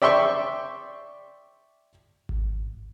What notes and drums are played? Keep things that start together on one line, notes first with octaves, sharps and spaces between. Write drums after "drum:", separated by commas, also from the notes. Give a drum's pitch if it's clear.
D5 E5 G5 C6 C#6
drum: kick G#1